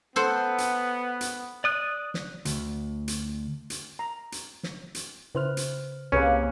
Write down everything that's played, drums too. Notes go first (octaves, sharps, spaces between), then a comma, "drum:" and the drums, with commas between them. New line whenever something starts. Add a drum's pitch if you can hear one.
B3 A4 C5 F#5
drum: hi-hat
drum: hi-hat
D5 D#6 F#6
drum: snare
D2, drum: hi-hat
drum: hi-hat
drum: hi-hat
A#5
drum: hi-hat
drum: snare
drum: hi-hat
C#3 E4 B4 C5 F6
drum: hi-hat
C2 C3 A#3 C#4 G#4 B4 C#5